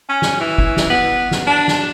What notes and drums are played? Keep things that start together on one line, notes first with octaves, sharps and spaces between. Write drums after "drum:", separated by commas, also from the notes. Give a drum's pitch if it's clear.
C#4
drum: snare
E3
drum: kick
drum: snare
B3
drum: snare
D4
drum: snare